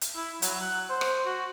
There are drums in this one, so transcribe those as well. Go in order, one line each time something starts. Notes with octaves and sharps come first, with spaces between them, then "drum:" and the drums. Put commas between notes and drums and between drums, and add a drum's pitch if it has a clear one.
drum: hi-hat
E4
F#3, drum: hi-hat
F#5
C5
drum: rim click
F#4